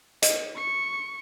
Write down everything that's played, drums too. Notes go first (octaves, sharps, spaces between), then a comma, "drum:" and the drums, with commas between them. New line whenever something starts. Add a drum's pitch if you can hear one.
D#5, drum: hi-hat
C#6 C#7